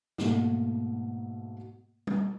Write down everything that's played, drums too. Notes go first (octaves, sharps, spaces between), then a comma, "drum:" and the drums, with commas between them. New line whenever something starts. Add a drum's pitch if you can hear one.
G#2 B2 A3 A#3, drum: snare
drum: tom G3